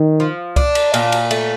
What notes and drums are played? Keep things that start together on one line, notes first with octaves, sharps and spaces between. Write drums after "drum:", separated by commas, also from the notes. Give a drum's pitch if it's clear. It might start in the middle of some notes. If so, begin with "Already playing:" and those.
Already playing: D#3
F3
D4, drum: kick C2
drum: cymbal
A#2, drum: cymbal
drum: cymbal
A3, drum: cymbal